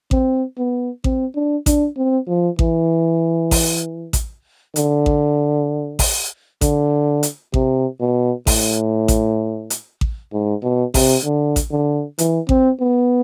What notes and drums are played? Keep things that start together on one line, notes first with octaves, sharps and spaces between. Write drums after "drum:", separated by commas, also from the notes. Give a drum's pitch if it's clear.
C4, drum: kick A1
B3
C4, drum: kick A1
D4
D4, drum: kick A1, hi-hat
C4
F3
E3, drum: kick A1
drum: kick A1, open hi-hat
drum: kick A1, hi-hat
D3, drum: hi-hat
drum: kick A1
drum: kick A1, open hi-hat
D3, drum: kick A1, hi-hat
drum: hi-hat
C3, drum: kick A1
B2
A2, drum: kick A1, open hi-hat
drum: kick A1, hi-hat
drum: hi-hat
drum: kick A1
G#2
B2
C3, drum: kick A1, open hi-hat
D3
drum: kick A1, hi-hat
D3
E3, drum: hi-hat
C4, drum: kick A1
B3